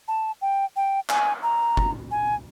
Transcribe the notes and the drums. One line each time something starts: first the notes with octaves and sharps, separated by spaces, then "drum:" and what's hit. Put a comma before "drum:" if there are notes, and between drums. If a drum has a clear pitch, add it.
A5
G5
G5
G#5, drum: clap
A#5
drum: kick
G#5